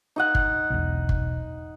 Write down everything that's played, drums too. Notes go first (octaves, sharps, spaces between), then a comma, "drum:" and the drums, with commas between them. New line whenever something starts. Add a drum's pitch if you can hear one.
D#4 D#5 F#5
drum: kick G1
E1 B1
drum: kick G1